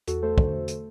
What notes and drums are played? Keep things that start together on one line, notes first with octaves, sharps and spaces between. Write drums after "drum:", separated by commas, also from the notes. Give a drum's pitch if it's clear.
E2 F#4 A4, drum: hi-hat
A3 A4 C5
D3, drum: kick
A3
A3, drum: hi-hat